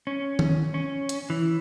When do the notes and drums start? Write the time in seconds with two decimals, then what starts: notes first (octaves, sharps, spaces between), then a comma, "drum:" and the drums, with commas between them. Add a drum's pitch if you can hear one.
0.07 C#4
0.39 drum: tom D#3
0.74 C#4
1.09 drum: hi-hat
1.30 E3